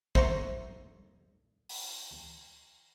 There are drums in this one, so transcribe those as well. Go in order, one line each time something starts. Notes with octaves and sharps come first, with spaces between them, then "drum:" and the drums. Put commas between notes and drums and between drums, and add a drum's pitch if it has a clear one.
C5 E5 F#5 A#5 C6 C#6, drum: kick A1
drum: open hi-hat